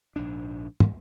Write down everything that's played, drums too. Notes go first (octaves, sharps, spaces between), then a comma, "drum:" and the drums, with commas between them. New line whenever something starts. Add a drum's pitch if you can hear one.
A#1 G#2 D4
drum: tom